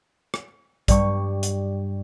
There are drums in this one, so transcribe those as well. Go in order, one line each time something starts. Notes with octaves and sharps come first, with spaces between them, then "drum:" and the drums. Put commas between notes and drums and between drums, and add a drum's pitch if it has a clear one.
drum: rim click
G2 G3 C#6, drum: kick A#1, hi-hat
drum: hi-hat